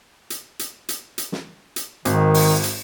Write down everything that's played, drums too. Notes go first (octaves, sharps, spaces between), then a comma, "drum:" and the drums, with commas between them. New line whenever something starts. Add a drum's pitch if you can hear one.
drum: hi-hat
drum: hi-hat
drum: hi-hat
drum: hi-hat
drum: snare
drum: hi-hat
G#1 D#3, drum: hi-hat
drum: open hi-hat
drum: hi-hat